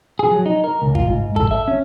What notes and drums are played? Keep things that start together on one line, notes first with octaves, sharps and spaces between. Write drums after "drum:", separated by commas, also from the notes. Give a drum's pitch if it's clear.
G#4
F#3
D#4
A#4
C#2
F4, drum: kick G#1
G#2
A4, drum: kick G#1
E5
C#4